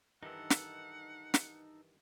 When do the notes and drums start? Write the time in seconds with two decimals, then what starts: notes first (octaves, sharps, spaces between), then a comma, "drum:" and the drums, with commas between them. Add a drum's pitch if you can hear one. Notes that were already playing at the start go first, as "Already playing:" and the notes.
0.23 G2 D#3 E3 D#4 A4 F#5
0.50 drum: snare
1.34 drum: snare